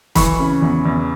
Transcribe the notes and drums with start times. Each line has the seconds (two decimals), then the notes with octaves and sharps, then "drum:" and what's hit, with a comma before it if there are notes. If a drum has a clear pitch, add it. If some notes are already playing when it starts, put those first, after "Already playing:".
0.15 E3 B5 C#6, drum: kick, hi-hat
0.40 C#3
0.62 E2
0.85 E2